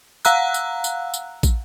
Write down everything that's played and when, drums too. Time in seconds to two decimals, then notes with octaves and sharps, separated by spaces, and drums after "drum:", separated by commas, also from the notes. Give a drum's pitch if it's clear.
0.25 F5 F#5 A#5 E6 F#6, drum: tambourine
0.54 drum: tambourine
0.84 drum: tambourine
1.14 drum: tambourine
1.43 drum: kick, tambourine